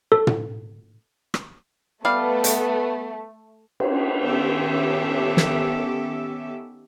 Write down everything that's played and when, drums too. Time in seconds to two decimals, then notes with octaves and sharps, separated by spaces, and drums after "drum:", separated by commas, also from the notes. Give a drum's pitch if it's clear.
0.12 A4
0.27 drum: tom
1.34 drum: rim click
2.05 G3 A3 B3 B4 F5
2.44 drum: hi-hat
3.80 drum: cymbal
4.23 D#3 B3 C#4 G4 A4 E5
5.37 drum: snare